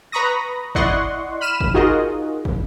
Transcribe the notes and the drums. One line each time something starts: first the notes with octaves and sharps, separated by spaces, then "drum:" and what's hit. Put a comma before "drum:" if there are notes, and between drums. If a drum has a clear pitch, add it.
B4 A#5 B5 C#6 D#6 A#6
E4 D5 D#5 F#5 C6 C#6, drum: kick
B5 F6 D#7 E7
drum: kick
D#4 F4 F#4 G#4 A#4 D#5
drum: kick